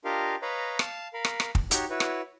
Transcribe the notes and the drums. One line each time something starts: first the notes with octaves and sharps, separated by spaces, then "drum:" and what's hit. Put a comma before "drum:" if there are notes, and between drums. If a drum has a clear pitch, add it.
D4 F4 G4 A#4 D#5 F5
B4 C#5 D#5 F5 A#5 B5
F5 A5, drum: rim click
A#4 F5 B5
drum: rim click
drum: rim click
drum: kick
D#4 F#4 G4 C#5, drum: hi-hat
E4 F#4 B4 C#5
drum: rim click